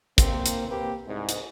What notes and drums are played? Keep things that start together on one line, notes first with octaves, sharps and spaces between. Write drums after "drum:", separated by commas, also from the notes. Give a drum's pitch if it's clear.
A#3 C4, drum: kick, hi-hat
drum: hi-hat
A#3 C4 G4 B4
C2 G#2
drum: hi-hat